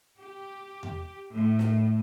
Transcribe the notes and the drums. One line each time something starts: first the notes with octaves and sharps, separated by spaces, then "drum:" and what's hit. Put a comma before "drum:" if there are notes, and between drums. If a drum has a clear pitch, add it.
G4
drum: tom E2
A2
drum: snare